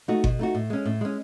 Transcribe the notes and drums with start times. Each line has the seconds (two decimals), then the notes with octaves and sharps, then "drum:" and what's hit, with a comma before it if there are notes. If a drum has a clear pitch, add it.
0.08 A3 D#4 F#4
0.24 B2, drum: kick G1
0.39 A3 D#4 F#4
0.55 A2
0.70 G#3 C#4
0.85 A2
1.01 G#3 C#4